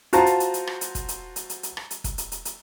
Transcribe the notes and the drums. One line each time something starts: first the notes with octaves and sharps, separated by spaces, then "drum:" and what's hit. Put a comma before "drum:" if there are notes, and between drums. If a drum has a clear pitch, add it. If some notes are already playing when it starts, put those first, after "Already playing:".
F4 F#4 C5 A5 A#5, drum: hi-hat
drum: hi-hat
drum: hi-hat
drum: hi-hat
drum: rim click
drum: hi-hat
drum: kick, hi-hat
drum: hi-hat
drum: hi-hat
drum: hi-hat
drum: hi-hat
drum: rim click
drum: hi-hat
drum: kick, hi-hat
drum: hi-hat
drum: hi-hat
drum: hi-hat